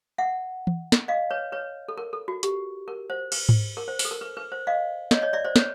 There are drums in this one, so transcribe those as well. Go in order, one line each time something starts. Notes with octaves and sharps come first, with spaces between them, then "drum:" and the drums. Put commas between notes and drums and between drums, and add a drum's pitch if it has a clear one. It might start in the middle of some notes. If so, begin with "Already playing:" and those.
E5 F#5
drum: tom E3
drum: snare
D#5 F5
B4 C#5
B4 C#5
A4
A#4
A4
F#4
G4, drum: hi-hat
A#4
C5
B4, drum: cymbal
drum: tom G#2
A#4
C5
B4, drum: open hi-hat
A4
A#4
B4
B4
C5
D#5 F5
C#5 D#5, drum: snare
C#5 D#5
D5 E5
C5 D5
B4 C#5, drum: snare